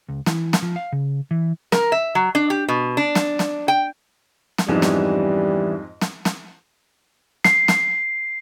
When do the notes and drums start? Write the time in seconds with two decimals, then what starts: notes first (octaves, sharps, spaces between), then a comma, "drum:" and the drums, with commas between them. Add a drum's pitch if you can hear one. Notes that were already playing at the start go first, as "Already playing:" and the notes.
0.09 C#2
0.26 E3, drum: snare
0.53 drum: snare
0.62 F3
0.76 F5
0.92 C#3
1.31 E3
1.72 A#4, drum: snare
1.92 E5
2.15 F#3
2.35 D4
2.50 G4
2.69 B2
2.97 D4
3.15 drum: snare
3.39 drum: snare
3.68 G5
4.58 drum: snare
4.68 F2 G#2 E3 G3 B3 C#4
4.82 drum: snare
6.01 drum: snare
6.25 drum: snare
7.44 C7, drum: snare
7.68 drum: snare